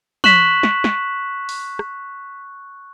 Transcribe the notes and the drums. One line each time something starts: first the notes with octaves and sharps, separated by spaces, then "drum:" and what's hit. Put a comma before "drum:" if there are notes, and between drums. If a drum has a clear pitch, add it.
C#6 F#6 B6 E7 F#7, drum: tom
drum: snare
drum: snare
drum: open hi-hat
drum: rim click